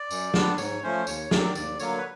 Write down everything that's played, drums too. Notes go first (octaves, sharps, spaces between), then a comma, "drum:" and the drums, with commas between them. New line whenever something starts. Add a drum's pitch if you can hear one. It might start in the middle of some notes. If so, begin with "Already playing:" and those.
Already playing: D5
F#2, drum: tambourine
D3 G3 B3 D4, drum: snare
G#2 C#5, drum: tambourine
F3 A3 C#4 C5
D#2 C#5, drum: tambourine
D#3 F#3 D5, drum: snare
D#2 D5, drum: tambourine
D3 F#3 A#3 C#5, drum: tambourine
B4